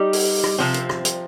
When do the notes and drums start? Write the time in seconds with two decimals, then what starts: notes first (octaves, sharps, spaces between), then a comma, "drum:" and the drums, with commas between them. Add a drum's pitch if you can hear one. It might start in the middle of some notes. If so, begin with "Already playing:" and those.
Already playing: G3 D#4 G4
0.13 drum: open hi-hat
0.44 drum: rim click
0.58 C3 F3 C4
0.74 drum: hi-hat
0.89 drum: rim click
1.05 drum: hi-hat